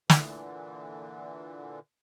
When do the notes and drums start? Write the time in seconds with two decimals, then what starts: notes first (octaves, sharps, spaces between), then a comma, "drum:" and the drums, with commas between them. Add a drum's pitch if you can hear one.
0.10 A#2 D3 E3, drum: snare